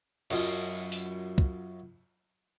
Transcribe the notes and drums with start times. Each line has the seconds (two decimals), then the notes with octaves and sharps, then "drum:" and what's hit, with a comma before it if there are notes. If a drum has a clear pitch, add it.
0.30 F#2 F4 D#5 C6 D#6, drum: cymbal
0.92 drum: open hi-hat
1.38 drum: kick